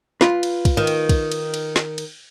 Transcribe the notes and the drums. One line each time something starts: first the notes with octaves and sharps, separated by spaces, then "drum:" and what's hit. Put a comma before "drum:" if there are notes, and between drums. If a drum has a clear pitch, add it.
F4 B4, drum: snare
drum: cymbal
drum: kick, cymbal
D#3
drum: cymbal
drum: kick, cymbal
drum: cymbal
drum: cymbal
drum: snare
drum: cymbal